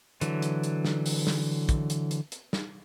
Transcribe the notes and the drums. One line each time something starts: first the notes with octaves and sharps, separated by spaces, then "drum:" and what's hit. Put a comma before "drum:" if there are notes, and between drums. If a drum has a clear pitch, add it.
D3 E3 F#3, drum: hi-hat
drum: hi-hat
drum: hi-hat
drum: snare
drum: open hi-hat
drum: snare
drum: kick, hi-hat
drum: hi-hat
drum: hi-hat
drum: hi-hat
drum: snare